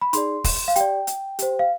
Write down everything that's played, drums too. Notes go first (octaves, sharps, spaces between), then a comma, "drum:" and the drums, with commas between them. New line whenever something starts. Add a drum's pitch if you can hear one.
B5
D#4 G#4 D5 C6, drum: hi-hat
drum: kick, open hi-hat
F5
G4 D5 G5, drum: hi-hat
drum: hi-hat
G4 C5, drum: hi-hat
F5